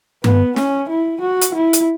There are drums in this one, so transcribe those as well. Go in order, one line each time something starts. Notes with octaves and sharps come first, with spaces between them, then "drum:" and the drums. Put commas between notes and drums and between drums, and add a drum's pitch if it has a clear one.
B3, drum: tom G2
C#4, drum: snare
E4
F#4
drum: hi-hat
E4
drum: hi-hat